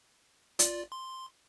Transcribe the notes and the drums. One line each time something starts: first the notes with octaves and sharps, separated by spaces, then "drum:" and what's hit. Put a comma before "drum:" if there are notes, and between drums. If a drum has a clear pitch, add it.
F4 D5, drum: hi-hat
C6